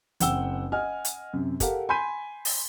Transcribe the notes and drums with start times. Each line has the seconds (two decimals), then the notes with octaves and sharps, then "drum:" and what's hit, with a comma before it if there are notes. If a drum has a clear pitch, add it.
0.20 F#1 C4 F#5 G5 E6 G7, drum: hi-hat
0.72 D#5 F#5 G#5 F6
1.05 drum: hi-hat
1.33 F#2 C3
1.60 G4 A4 A#4 F5 F#5, drum: kick, hi-hat
1.89 G#5 B5 C6 G6 B6 D#7
2.45 drum: open hi-hat